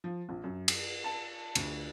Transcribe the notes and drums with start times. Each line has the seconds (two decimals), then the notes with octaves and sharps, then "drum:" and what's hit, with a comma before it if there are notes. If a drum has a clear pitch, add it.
0.04 F3
0.29 A#1
0.44 F#2
0.68 C7, drum: cymbal
1.04 A5
1.55 D2, drum: cymbal